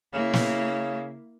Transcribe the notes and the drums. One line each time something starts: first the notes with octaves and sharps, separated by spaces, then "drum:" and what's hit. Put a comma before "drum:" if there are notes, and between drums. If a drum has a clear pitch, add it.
C#3 A#3 E4
drum: snare